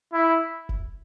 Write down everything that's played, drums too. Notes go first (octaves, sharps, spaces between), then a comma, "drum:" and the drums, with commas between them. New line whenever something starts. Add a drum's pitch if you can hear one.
E4
drum: kick